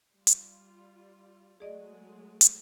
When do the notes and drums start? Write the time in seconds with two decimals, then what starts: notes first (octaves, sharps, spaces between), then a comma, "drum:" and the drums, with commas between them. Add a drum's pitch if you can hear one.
0.17 G3 F4
0.27 drum: hi-hat
1.60 F#3 G#3 A3 G#4 D5 D#5
2.41 drum: hi-hat